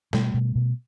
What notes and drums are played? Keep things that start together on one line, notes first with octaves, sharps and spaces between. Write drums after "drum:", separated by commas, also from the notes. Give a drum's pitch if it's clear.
B2 G3 A3, drum: snare
B2
B2